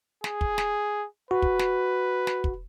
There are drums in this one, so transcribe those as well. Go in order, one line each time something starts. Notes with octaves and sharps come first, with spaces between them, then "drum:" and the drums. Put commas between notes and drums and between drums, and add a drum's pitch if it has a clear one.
G#4, drum: snare
drum: kick
drum: snare
F#4 B4
drum: kick
drum: snare
drum: snare
drum: kick